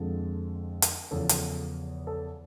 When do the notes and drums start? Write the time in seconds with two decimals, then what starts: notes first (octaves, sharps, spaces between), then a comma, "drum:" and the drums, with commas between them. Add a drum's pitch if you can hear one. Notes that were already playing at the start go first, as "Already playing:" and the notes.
Already playing: F2 D3 F3 G#3 A4
0.82 drum: hi-hat
1.11 E2 C#3 F3 A4
1.29 drum: hi-hat
2.07 A4